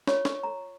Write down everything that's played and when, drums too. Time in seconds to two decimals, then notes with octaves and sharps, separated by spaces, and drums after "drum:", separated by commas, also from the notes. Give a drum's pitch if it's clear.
0.07 F4 C#5 C#6, drum: snare
0.25 C#6, drum: snare
0.43 A#5